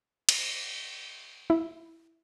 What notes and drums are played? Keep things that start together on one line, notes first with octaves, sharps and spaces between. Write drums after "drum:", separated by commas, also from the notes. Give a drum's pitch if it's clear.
drum: cymbal
E4